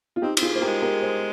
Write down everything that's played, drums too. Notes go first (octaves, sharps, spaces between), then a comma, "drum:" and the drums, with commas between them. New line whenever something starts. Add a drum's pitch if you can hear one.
F4
C4 D#4 G4
C4, drum: cymbal
F4 G#4
A#3 C5
G4 A#4
G#3
G4 A#4
G#4 C5